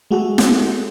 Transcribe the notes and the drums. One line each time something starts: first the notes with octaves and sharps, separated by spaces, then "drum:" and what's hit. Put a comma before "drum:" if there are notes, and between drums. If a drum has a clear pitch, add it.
G#3 A3 F#4 G#4 A4
drum: snare